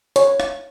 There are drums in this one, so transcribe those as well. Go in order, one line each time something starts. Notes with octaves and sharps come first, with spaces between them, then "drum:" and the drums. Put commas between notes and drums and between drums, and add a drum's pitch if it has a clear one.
C#5, drum: hi-hat
drum: rim click